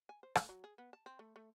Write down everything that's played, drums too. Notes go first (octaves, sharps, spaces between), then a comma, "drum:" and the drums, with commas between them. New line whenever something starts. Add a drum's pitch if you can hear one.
G#5
C5
A3, drum: rim click
F#3
G#4
B3
A5
C4
A3
A3